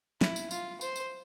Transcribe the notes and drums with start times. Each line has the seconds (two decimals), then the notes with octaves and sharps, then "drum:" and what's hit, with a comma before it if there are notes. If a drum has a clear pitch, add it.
0.21 E4, drum: snare
0.36 drum: tambourine
0.51 F4, drum: tambourine
0.81 C5, drum: tambourine
0.96 drum: tambourine